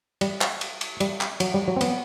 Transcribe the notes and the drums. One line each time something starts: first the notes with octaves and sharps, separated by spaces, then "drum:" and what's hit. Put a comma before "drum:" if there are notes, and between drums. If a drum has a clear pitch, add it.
G3, drum: cymbal
drum: clap
drum: cymbal
drum: cymbal
G3, drum: cymbal
drum: clap
F#3, drum: cymbal
G3
F#3
C4
B3, drum: cymbal